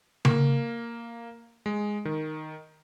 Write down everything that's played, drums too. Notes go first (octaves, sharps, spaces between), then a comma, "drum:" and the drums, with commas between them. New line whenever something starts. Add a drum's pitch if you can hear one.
A#3, drum: tom C#3
G#3
D#3